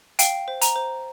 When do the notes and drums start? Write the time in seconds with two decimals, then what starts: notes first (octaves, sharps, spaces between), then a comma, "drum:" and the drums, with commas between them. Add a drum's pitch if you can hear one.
0.19 F5 G5, drum: hi-hat
0.48 C5
0.62 A#5, drum: hi-hat
0.76 C5